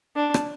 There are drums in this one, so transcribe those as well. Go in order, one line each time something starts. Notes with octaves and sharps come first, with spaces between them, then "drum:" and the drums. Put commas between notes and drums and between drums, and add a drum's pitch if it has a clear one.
D4
drum: rim click